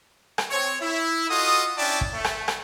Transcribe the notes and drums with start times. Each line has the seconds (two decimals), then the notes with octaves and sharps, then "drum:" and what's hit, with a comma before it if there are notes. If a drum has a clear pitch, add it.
0.38 drum: rim click
0.51 C4 C#5
0.81 E4
1.29 F4 F#4 A4 D#5 D#6
1.78 C#4 D4 E4 D5 G5 A5
2.01 drum: kick
2.14 A3
2.24 drum: rim click
2.48 drum: rim click